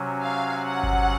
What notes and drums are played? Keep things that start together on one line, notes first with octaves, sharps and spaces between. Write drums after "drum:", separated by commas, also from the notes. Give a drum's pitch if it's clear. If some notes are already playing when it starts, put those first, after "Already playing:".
Already playing: C3 F#3 C#4
F5
F#5
drum: kick G1